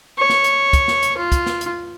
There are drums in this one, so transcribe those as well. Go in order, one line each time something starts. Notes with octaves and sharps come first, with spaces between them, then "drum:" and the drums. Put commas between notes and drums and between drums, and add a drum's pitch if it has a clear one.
C#5
drum: snare
drum: hi-hat
drum: kick, hi-hat
drum: snare
drum: hi-hat
F4
drum: kick, hi-hat
drum: snare
drum: hi-hat